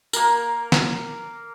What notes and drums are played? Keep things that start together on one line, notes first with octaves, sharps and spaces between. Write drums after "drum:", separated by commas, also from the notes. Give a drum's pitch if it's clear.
A#3 A#4, drum: tambourine
drum: snare